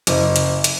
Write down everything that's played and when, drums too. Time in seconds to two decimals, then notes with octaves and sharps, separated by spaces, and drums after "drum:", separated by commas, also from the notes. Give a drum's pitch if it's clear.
0.07 F#1, drum: hi-hat
0.36 drum: hi-hat
0.64 drum: hi-hat